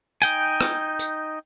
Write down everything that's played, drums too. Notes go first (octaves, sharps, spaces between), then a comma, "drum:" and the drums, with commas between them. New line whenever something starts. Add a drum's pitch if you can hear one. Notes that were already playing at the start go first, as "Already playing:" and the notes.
D#4 G5 G#5, drum: tambourine
drum: rim click
drum: tambourine